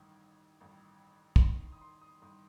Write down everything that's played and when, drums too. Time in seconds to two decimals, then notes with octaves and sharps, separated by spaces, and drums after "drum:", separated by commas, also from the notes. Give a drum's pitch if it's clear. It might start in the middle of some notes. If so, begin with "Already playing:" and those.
Already playing: A1 G2 D#3
0.61 A1 G2 D#3
1.36 C6, drum: kick
1.41 A1 G2 D#3 B5
1.72 D#6
1.81 C6
2.02 D#6
2.22 A1 G2 D#3 D#6